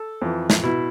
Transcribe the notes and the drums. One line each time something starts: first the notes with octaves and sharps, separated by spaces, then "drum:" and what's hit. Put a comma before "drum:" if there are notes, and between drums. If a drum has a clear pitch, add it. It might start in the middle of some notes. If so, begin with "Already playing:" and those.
Already playing: A4
F2 E3
drum: snare
B2 E4